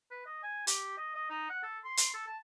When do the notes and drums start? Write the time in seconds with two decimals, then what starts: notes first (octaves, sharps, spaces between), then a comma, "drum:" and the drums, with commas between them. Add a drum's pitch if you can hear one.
0.11 B4
0.26 D#5
0.43 G#5
0.67 G4, drum: hi-hat
0.97 D#5
1.15 D#5
1.30 D#4
1.50 F#5
1.63 A4
1.85 C6
1.97 drum: hi-hat
2.14 A4
2.27 A5